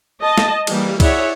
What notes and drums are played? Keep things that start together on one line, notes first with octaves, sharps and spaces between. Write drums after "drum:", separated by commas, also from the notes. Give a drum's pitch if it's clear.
D#5 A5
drum: snare
E3 G3 A#3, drum: cymbal
E4 G#4 C#5 D5 E5 F#5, drum: kick C2, cymbal